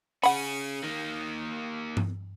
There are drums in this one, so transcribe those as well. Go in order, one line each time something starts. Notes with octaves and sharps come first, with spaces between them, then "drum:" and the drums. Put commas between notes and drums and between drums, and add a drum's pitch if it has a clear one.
C#4 G#4 F#5 B5, drum: open hi-hat
D#3 A#3
drum: tom G2